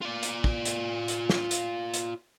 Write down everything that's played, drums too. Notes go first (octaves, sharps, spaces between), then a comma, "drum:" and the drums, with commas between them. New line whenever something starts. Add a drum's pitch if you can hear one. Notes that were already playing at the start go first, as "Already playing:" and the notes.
F4 D5
drum: hi-hat
drum: kick
drum: hi-hat
drum: hi-hat
drum: snare
drum: hi-hat
drum: hi-hat